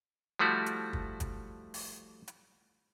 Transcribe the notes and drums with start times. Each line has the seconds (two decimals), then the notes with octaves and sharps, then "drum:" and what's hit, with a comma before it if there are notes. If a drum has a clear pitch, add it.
0.39 F3 G3 A3 E4 F#4
0.66 drum: hi-hat
0.93 drum: kick
1.20 drum: kick, hi-hat
1.74 drum: open hi-hat
2.28 drum: hi-hat